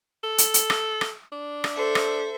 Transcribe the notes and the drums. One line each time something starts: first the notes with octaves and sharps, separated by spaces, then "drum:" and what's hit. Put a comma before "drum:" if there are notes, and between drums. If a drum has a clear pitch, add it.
A4
drum: hi-hat
drum: hi-hat
drum: rim click
drum: rim click
D4
drum: rim click
A4 C5 E5
drum: rim click